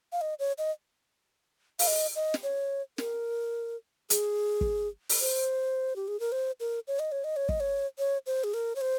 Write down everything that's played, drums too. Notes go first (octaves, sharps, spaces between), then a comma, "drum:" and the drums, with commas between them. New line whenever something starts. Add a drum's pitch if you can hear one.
F5
D#5
C#5
D#5
F5, drum: open hi-hat
D#5
D#5
drum: snare
C#5
A#4, drum: snare
G#4, drum: hi-hat
drum: kick
drum: open hi-hat
C5
G4
G#4
A#4
C5
A#4
C#5
D#5
C#5
D#5
C#5
D#5, drum: kick
C#5
C#5
C5
G#4
A#4
C#5
C5